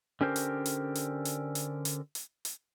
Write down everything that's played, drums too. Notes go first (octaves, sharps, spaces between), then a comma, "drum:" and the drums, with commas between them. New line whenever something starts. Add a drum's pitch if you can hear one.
D3 C#4 G4 A#4 C5
drum: hi-hat
drum: hi-hat
drum: hi-hat
drum: hi-hat
drum: hi-hat
drum: hi-hat
drum: hi-hat
drum: hi-hat